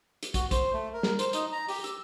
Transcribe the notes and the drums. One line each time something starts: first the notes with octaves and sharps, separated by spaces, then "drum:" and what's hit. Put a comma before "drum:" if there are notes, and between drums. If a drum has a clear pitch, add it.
drum: hi-hat
F#4, drum: kick, hi-hat
C5, drum: kick, hi-hat
A3
A#4
drum: snare
C5, drum: hi-hat
D#4, drum: hi-hat
A#5
G4, drum: open hi-hat
E6, drum: hi-hat